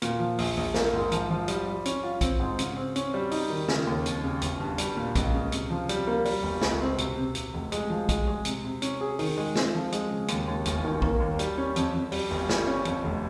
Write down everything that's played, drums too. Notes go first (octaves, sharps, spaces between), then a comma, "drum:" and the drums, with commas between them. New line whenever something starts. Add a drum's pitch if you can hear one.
A#2, drum: hi-hat
F3
A#1, drum: open hi-hat
A#1
A#3, drum: snare
G#2
F3, drum: hi-hat
F3
G3, drum: hi-hat
G3
C#4, drum: hi-hat
F4
C4, drum: kick A#1, hi-hat
G#2
C#3, drum: hi-hat
C4
C#4, drum: hi-hat
G3
D#4, drum: open hi-hat
D#3
C#3, drum: snare
D#2
F2, drum: hi-hat
C#3
G1, drum: hi-hat
G2
G3, drum: hi-hat
A#2
C#2, drum: kick A#1, hi-hat
C#3
C3, drum: hi-hat
F3
G3, drum: hi-hat
A#3
G3, drum: open hi-hat
G1
C#2, drum: snare
C4
C3, drum: hi-hat
C3
C3, drum: hi-hat
F1
G#3, drum: hi-hat
F3
G#3, drum: kick A#1, hi-hat
G#3
C3, drum: hi-hat
C3
C#4, drum: hi-hat
G#4
D#3, drum: open hi-hat
G#3
C4, drum: snare
F3
G#3, drum: hi-hat
C#3
D#2, drum: hi-hat
D#2
G1, drum: hi-hat
D#3
A#3, drum: kick A#1
D#2
G3, drum: hi-hat
C#4
F2, drum: hi-hat
F2
G3, drum: open hi-hat
G1
G3, drum: snare
C#4
F2, drum: hi-hat
F1